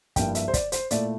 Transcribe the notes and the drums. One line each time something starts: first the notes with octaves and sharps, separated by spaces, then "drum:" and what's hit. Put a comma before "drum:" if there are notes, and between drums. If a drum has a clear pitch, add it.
G2 F3 A#3 E4 G5, drum: kick, hi-hat
E5, drum: hi-hat
C5
D5, drum: kick, hi-hat
C5, drum: hi-hat
A#2 A3 E4 D5, drum: hi-hat